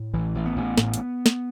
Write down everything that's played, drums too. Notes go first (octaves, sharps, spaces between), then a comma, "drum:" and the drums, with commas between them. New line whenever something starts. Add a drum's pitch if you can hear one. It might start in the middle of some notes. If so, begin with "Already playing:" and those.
Already playing: A2
A1 E3
A1
B3
A1
A2, drum: snare
drum: hi-hat
drum: snare